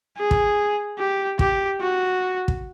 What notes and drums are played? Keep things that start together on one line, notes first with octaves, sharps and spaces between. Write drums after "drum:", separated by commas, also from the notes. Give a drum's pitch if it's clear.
G#4
drum: kick
G4
G4, drum: kick
F#4
drum: kick